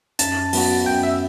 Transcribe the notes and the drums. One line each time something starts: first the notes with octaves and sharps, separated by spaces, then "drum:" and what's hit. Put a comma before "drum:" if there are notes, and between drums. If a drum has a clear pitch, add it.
F#2 A5, drum: hi-hat
F#3 B3 F#4, drum: open hi-hat
F#2 G5
E5